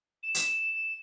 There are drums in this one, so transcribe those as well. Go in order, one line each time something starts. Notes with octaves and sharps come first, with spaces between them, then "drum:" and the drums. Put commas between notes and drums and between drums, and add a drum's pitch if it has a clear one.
E7
drum: hi-hat